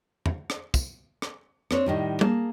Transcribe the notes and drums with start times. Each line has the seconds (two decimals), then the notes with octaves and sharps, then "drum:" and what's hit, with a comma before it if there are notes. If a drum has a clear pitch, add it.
0.26 drum: tom E2
0.50 drum: rim click
0.74 drum: kick, tambourine
1.22 drum: rim click
1.71 C4 D4 C#5, drum: rim click
1.86 A2 D#3 G3
2.21 A#3 G#4 A5, drum: tom